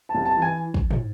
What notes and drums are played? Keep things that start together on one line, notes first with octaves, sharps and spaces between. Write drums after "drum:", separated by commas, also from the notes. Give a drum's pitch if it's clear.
A5
C2
A5
E3
G#5
drum: kick
drum: tom